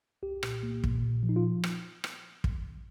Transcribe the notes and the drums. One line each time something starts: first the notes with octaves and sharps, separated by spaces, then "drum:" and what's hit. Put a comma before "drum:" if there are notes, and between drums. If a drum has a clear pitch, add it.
C2 G4
A#2, drum: rim click
A#3
A#2, drum: kick
A#2
F3
D#4
F4
drum: rim click
drum: rim click
drum: kick